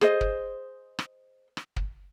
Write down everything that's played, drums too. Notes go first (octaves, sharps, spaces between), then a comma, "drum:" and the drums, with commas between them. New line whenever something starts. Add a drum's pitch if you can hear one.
G#4 C5 D#5, drum: rim click
drum: kick
drum: rim click
drum: rim click
drum: kick